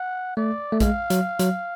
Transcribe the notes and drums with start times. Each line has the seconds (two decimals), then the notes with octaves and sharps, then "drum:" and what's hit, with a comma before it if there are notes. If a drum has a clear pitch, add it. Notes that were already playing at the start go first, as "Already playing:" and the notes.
Already playing: F#5
0.37 A3 D5
0.72 A3
0.80 G#3 F5, drum: kick A#1, hi-hat
1.10 F#3, drum: hi-hat
1.39 F#3, drum: hi-hat